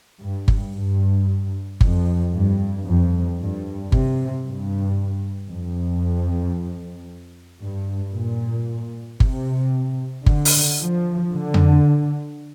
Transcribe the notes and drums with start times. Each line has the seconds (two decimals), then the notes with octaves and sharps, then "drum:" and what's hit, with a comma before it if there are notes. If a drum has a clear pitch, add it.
0.21 G2
0.48 drum: kick G1
0.74 G2
1.81 F2, drum: kick G1
2.32 G2
2.86 F2
3.39 G2
3.92 C3, drum: kick G1
4.45 G2
5.50 F2
7.62 G2
8.15 A#2
9.20 C3, drum: kick G1
10.26 D3, drum: kick G1
10.45 drum: open hi-hat
10.80 F3
11.32 D3
11.54 drum: tom F2